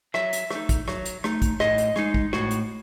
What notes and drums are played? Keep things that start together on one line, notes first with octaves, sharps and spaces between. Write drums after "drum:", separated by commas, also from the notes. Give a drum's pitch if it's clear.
F#3 E5, drum: rim click
drum: hi-hat
A3 D#4, drum: rim click
drum: kick, hi-hat
F#3, drum: rim click
drum: hi-hat
A3 D#4, drum: rim click
drum: kick, hi-hat
A2 D#5, drum: rim click
drum: hi-hat
G#3 D#4, drum: rim click
drum: kick
A2 F#4, drum: rim click
drum: hi-hat